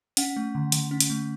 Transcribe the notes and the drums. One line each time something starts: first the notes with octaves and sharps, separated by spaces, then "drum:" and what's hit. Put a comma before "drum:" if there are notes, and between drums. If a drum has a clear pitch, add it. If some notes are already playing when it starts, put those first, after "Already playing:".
C#4 F#5, drum: hi-hat
A3
D3
D3, drum: hi-hat
C#4
drum: hi-hat
A3